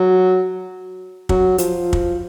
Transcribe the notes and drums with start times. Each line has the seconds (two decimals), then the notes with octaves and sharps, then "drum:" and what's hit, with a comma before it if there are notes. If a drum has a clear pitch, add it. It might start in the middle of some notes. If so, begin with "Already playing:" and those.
Already playing: F#3
1.29 F#3, drum: kick
1.58 F3, drum: hi-hat
1.93 drum: kick